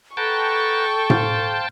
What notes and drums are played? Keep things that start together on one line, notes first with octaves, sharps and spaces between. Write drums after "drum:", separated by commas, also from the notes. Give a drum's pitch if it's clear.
A4 B4 F#5 G5 A5 A#5 C#6
C5 F5, drum: tom A2